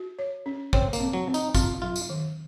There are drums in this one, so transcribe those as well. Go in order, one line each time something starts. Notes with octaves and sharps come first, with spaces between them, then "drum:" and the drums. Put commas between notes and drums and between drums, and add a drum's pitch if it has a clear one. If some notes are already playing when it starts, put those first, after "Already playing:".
Already playing: F#4
C#5
C#4
C4 C#5, drum: kick
A#3, drum: tambourine
C4
F#3
C4
D#4, drum: tambourine
C4 F4, drum: kick, tambourine
F#3 F4
drum: tambourine
D#3